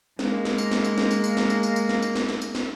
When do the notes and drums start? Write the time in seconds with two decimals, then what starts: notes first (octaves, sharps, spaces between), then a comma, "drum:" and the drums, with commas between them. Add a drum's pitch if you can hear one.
0.19 G#3 A#3, drum: snare
0.45 drum: snare
0.58 drum: tambourine
0.71 drum: snare
0.85 drum: tambourine
0.98 drum: snare
1.11 drum: tambourine
1.24 drum: tambourine
1.37 drum: snare
1.50 drum: tambourine
1.63 drum: tambourine
1.76 drum: tambourine
1.89 drum: snare
2.02 drum: tambourine
2.15 drum: snare
2.29 drum: snare
2.42 drum: tambourine
2.55 drum: snare